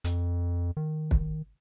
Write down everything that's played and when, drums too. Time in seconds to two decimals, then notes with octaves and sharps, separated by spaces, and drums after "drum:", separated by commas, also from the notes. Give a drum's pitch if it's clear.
0.04 F2, drum: hi-hat
0.77 D#3
1.11 drum: kick